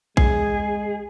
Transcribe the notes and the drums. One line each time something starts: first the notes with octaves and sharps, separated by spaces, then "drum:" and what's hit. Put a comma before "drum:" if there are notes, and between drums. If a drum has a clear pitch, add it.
G#3 G#4, drum: kick A#1